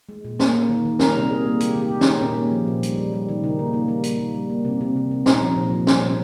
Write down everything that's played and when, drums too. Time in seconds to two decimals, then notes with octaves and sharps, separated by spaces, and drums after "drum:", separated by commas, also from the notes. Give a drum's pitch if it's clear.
0.09 G#3
0.24 A#2
0.39 A#3, drum: snare
0.55 A#3
0.69 D#3
0.85 D#3
0.99 G3 A#4, drum: snare
1.16 C3
1.30 G3 G#4
1.46 A#3
1.60 G#3 G4, drum: hi-hat
1.76 D#3
1.82 G4
1.91 D#3
2.01 D#4, drum: snare
2.06 G#3
2.21 A#2 C#4
2.37 A#3
2.51 F3
2.67 A#2
2.83 G3, drum: hi-hat
2.97 G3
3.13 G3
3.28 D#3
3.44 C#3 D#4
3.59 A#3
3.73 A#3
3.88 G3
4.03 A#3, drum: hi-hat
4.19 G3
4.34 G3
4.50 A#3
4.65 C3
4.81 C3
4.96 C3
5.11 C3
5.26 A#2 D#4, drum: snare
5.41 F3
5.56 A#2
5.71 F3
5.87 G3, drum: snare
6.02 A#2